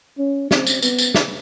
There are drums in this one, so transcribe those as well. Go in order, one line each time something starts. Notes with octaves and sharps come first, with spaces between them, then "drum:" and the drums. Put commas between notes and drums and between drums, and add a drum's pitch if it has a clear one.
C#4
C4, drum: snare
drum: tambourine
B3, drum: tambourine
drum: tambourine
drum: snare